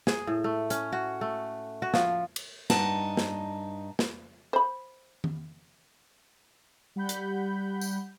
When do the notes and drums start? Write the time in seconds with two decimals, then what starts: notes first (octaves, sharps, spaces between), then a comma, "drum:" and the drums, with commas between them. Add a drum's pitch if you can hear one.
0.07 G#4, drum: snare
0.27 A2
0.44 A3
0.70 C#4, drum: hi-hat
0.92 F#4
1.21 A3
1.82 F#4
1.94 F3, drum: snare
2.36 drum: cymbal
2.70 G2 D#4 F#5 A5, drum: snare
3.17 drum: snare
3.99 drum: snare
4.53 C5 B5
5.24 drum: tom D#3
6.96 G3 F#5 B5 G6
7.09 drum: hi-hat
7.81 drum: tambourine